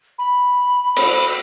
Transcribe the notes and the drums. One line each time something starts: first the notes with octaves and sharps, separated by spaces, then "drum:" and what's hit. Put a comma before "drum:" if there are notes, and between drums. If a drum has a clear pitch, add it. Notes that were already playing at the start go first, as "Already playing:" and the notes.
B5
drum: cymbal